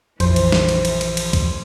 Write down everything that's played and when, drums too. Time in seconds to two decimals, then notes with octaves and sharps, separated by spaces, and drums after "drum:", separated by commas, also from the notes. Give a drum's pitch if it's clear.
0.20 A#1 F2 E3 F3 C5, drum: cymbal
0.36 drum: cymbal
0.52 drum: snare
0.69 drum: cymbal
0.85 drum: cymbal
1.01 drum: cymbal
1.17 drum: cymbal
1.33 drum: kick, cymbal